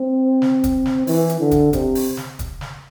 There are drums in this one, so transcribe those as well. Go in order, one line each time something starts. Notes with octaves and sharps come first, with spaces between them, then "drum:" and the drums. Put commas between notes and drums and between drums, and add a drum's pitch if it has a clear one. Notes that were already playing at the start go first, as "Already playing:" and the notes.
Already playing: C4
drum: snare
drum: kick, hi-hat
drum: snare
E3, drum: open hi-hat
drum: hi-hat
D3
drum: kick, hi-hat
C3, drum: kick, hi-hat
drum: open hi-hat
drum: snare
drum: kick, hi-hat
drum: snare